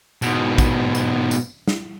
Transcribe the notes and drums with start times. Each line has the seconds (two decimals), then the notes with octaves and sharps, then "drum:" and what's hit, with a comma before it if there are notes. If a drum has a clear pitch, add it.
0.22 G#2 B2, drum: tambourine
0.58 drum: kick, tambourine
0.95 drum: tambourine
1.31 drum: tambourine
1.68 drum: snare